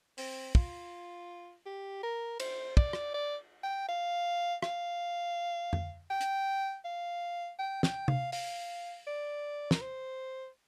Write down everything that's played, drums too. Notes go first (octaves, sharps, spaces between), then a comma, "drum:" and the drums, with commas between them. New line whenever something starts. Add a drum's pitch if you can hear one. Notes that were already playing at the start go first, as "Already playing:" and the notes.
C4, drum: open hi-hat
F4, drum: kick
G4
A#4
C5, drum: cymbal
D5, drum: kick
drum: rim click
D5
G5
F5
F5, drum: rim click
drum: tom F2
G5
drum: hi-hat
F5
G5
G5, drum: snare
F5, drum: tom C3
F5, drum: open hi-hat
D5
A#4, drum: snare
C5